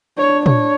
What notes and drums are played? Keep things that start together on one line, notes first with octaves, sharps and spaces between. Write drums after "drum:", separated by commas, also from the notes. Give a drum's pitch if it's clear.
D4 C#5
C#5, drum: tom